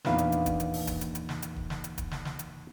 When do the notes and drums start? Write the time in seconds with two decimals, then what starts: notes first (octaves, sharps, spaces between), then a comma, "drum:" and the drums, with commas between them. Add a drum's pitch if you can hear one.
0.05 E2 A#2 D#3 D4 B4 F5, drum: snare
0.18 drum: hi-hat
0.32 drum: hi-hat
0.46 drum: kick, hi-hat
0.60 drum: hi-hat
0.74 drum: open hi-hat
0.87 drum: kick, hi-hat
1.01 drum: hi-hat
1.15 drum: hi-hat
1.29 drum: snare
1.42 drum: hi-hat
1.56 drum: kick
1.70 drum: snare
1.84 drum: hi-hat
1.98 drum: kick, hi-hat
2.11 drum: snare
2.25 drum: snare
2.39 drum: hi-hat